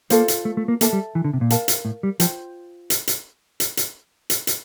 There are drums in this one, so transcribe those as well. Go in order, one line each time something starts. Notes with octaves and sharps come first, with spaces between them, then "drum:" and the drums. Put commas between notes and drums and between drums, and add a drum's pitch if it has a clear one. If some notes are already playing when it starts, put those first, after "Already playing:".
A#3 F4 A4 C5 F5, drum: hi-hat
drum: hi-hat
A3
A3
A#3
A#3 A4 E5 A5, drum: hi-hat
G3
E3
D3
C3
A#2
A#4 F5 A5, drum: hi-hat
drum: hi-hat
A2
G3
F3 F4 C5 G5, drum: hi-hat
drum: hi-hat
drum: hi-hat
drum: hi-hat
drum: hi-hat
drum: hi-hat
drum: hi-hat